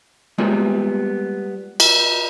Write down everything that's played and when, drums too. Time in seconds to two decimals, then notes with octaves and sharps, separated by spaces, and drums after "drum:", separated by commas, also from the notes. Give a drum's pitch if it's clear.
0.38 G3 G#3 A#3 B3 F4
1.80 drum: cymbal